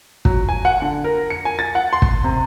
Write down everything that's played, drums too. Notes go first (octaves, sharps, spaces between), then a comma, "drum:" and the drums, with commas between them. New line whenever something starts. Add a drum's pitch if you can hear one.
F#3, drum: kick
G#5
F#5
D3
A#4
C#7
G#5
A6
F#5
C6
drum: kick
C3